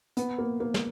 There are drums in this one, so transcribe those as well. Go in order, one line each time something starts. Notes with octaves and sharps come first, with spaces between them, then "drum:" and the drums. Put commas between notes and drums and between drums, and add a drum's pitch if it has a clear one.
B3, drum: hi-hat
A#3
A#3
drum: snare